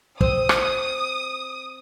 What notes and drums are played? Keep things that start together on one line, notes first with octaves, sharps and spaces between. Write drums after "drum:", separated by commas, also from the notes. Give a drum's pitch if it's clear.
C4 D#6, drum: kick
drum: rim click